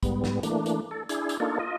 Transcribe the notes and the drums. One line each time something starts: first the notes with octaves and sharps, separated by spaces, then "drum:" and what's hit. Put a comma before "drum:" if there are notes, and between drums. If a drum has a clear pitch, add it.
G#2 G3 B3, drum: kick, hi-hat
drum: snare
E3 A3 A#3 D4, drum: hi-hat
drum: hi-hat
A4
D4 E4 G#4, drum: hi-hat
drum: hi-hat
A#3 D4 D#4 F4 A4
F4 D#5